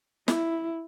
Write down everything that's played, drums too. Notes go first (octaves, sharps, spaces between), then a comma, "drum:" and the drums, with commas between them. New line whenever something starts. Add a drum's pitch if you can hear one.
E4, drum: snare